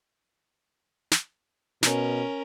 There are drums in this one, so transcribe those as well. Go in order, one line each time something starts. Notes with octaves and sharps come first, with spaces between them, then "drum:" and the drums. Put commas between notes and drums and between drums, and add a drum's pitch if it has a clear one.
drum: snare
B2 C#4 A#4, drum: snare